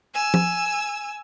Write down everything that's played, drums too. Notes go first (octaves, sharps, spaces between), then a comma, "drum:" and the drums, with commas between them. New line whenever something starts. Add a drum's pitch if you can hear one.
G#5 E6
drum: tom F3